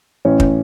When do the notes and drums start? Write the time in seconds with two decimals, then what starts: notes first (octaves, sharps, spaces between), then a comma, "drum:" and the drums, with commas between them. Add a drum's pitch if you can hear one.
0.25 A1 C#4
0.40 drum: kick